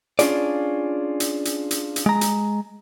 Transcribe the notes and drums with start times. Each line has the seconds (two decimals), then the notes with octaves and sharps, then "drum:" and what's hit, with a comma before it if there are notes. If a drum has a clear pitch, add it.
0.19 C#4 D4 F4 G#4 D5, drum: hi-hat
1.20 drum: hi-hat
1.45 drum: hi-hat
1.71 drum: hi-hat
1.96 drum: hi-hat
2.06 G#3 A#5
2.21 drum: hi-hat